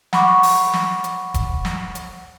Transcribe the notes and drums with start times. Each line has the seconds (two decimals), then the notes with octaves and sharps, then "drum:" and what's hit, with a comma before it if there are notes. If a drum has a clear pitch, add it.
0.13 F#5 B5 C#6 D6, drum: snare
0.43 drum: open hi-hat
0.73 drum: snare
1.04 drum: hi-hat
1.34 drum: kick E1, hi-hat
1.65 drum: snare
1.95 drum: hi-hat